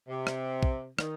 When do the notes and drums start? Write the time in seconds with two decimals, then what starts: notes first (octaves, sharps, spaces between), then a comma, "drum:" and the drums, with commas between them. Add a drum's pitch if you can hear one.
0.09 C3
0.27 drum: rim click
0.63 drum: kick
0.99 D#3, drum: rim click